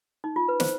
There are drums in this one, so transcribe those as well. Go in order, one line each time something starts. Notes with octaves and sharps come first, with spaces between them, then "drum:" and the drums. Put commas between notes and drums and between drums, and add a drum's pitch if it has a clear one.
D#4
F4
B4
C5, drum: snare